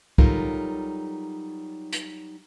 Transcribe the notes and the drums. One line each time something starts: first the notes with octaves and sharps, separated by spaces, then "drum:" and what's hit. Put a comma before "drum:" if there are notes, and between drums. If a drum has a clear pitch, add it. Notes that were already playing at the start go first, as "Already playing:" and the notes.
F#3 G3 D#4 F4 A4 A#4, drum: kick C2
drum: hi-hat